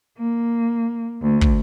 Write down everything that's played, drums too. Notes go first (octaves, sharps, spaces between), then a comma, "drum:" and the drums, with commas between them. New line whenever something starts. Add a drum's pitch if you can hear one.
A#3
D2
drum: kick